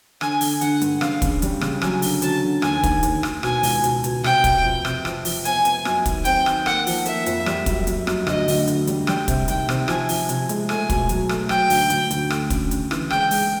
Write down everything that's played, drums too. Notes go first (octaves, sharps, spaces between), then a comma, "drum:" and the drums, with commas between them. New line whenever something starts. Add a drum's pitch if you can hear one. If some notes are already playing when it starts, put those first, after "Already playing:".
D3 G#5, drum: rim click
D3, drum: open hi-hat
D3 F#5, drum: hi-hat
G2, drum: hi-hat
C#3 F5, drum: rim click
C#3, drum: kick, hi-hat
G3, drum: hi-hat
C#3, drum: rim click
F#3 G#5, drum: rim click
D3, drum: open hi-hat
F#3 A5, drum: hi-hat
D3
D#2 G#5, drum: rim click
D#2, drum: kick, hi-hat
D#2, drum: hi-hat
D#2, drum: rim click
B2 G#5, drum: rim click
C#2, drum: open hi-hat
B2, drum: hi-hat
B2, drum: hi-hat
C3 G5, drum: rim click
C3, drum: kick, hi-hat
F2
C3, drum: rim click
F3, drum: rim click
F3, drum: open hi-hat
B3 G#5, drum: hi-hat
B3, drum: hi-hat
F#2, drum: rim click
D#3, drum: kick, hi-hat
C4 G5, drum: hi-hat
D#3, drum: rim click
A#3 F#5, drum: rim click
F3, drum: open hi-hat
A#3 E5, drum: hi-hat
F2, drum: hi-hat
G3, drum: rim click
F#2, drum: kick, hi-hat
F#2, drum: hi-hat
F#2, drum: rim click
D2 D#5, drum: rim click
D2, drum: open hi-hat
D3, drum: hi-hat
G3, drum: hi-hat
G3 G5, drum: rim click
C3, drum: kick, hi-hat
D#3 G5, drum: hi-hat
C3, drum: rim click
F3 G#5, drum: rim click
F3, drum: open hi-hat
C3, drum: hi-hat
G#3, drum: hi-hat
A3 G#5, drum: rim click
B2, drum: kick, hi-hat
F#3, drum: hi-hat
A3, drum: rim click
F#3 G5, drum: rim click
D2, drum: open hi-hat
D2, drum: hi-hat
D2, drum: hi-hat
A3, drum: rim click
C#4, drum: kick, hi-hat
C#3, drum: hi-hat
E3, drum: rim click
G#3 G5, drum: rim click
G#3, drum: open hi-hat